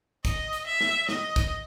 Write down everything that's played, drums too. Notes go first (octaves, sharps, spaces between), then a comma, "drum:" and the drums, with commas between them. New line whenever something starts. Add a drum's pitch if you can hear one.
D#5, drum: kick, hi-hat
drum: hi-hat
E5
drum: snare
D#5, drum: snare
drum: kick, hi-hat